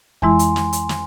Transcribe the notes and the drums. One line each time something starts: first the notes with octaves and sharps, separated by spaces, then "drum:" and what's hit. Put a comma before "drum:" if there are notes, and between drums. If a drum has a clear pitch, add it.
F2 E3 G#3 E4 G#5 C6, drum: kick
drum: hi-hat
drum: snare
drum: hi-hat
drum: snare